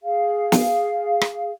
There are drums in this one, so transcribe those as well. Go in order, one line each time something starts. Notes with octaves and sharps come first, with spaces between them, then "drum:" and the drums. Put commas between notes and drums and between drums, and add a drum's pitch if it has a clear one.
G#4 F5
drum: snare
drum: rim click